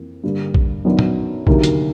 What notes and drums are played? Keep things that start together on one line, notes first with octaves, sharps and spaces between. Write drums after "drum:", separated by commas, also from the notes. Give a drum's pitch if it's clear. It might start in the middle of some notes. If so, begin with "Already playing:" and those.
Already playing: F2 E3 A#3
G2 D3 G3 A#3
drum: kick A#1
F#2 D#3 F#3 B3 D4
drum: tom A#2
D2 C3 D#3 F#3 A#3, drum: kick A#1
drum: hi-hat